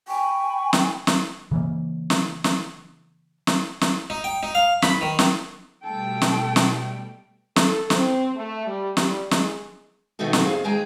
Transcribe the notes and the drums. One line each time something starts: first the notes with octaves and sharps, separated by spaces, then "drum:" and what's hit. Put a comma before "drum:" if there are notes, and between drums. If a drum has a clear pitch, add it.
G5 G#5 B5 C#6
drum: snare
drum: snare
C#3 E3 A#3
drum: snare
drum: snare
drum: snare
drum: snare
D#4
G5
D#4
F5
B5, drum: snare
D#3
drum: snare
B2 G3 A3 A4 G5
drum: snare
drum: snare
A4, drum: snare
C4, drum: snare
A3
G3
G3, drum: snare
G#3, drum: snare
B2 D#3 A3 B3 D#4 F#4
drum: snare
D#2 C4 G#4 F5
D#2 G#3 G#4 G5 A#5